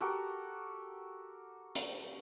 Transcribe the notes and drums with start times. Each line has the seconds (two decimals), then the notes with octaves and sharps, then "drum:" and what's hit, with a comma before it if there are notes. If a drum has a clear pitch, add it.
0.01 F#4 G4 A4 A#4
1.75 drum: hi-hat